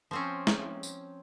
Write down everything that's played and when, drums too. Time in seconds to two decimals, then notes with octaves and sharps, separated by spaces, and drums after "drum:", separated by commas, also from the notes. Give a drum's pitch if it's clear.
0.11 F3 C4 C#4
0.47 drum: snare
0.83 drum: tambourine